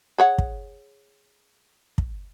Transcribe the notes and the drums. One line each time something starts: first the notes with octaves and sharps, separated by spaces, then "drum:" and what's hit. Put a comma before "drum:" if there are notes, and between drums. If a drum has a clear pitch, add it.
G#4 C#5 F#5
drum: kick
drum: kick